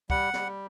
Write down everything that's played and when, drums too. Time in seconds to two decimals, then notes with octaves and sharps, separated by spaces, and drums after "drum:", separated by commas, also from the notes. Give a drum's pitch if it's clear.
0.10 G3 F#5, drum: kick
0.34 G3, drum: snare